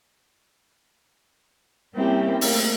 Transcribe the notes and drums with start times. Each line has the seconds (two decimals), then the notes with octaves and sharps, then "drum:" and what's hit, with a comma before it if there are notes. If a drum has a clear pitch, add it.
1.94 G3 A#3 C4 C#4 E4 G4
2.41 A3 A#3, drum: open hi-hat